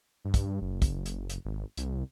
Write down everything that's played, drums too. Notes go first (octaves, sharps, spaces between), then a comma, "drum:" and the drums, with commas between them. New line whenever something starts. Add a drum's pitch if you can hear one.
G2
drum: kick, hi-hat
F#1
drum: kick, hi-hat
drum: hi-hat
drum: hi-hat
G#1
C2, drum: hi-hat